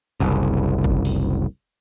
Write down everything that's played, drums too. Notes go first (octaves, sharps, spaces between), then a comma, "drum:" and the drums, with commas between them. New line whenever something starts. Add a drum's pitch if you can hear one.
F#1 C2
drum: kick G1
drum: open hi-hat